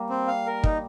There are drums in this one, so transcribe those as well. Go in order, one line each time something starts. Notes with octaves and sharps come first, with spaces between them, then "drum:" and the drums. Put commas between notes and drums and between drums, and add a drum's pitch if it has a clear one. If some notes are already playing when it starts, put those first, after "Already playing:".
Already playing: G3 A#3
C4
F5
A#4
D#4, drum: kick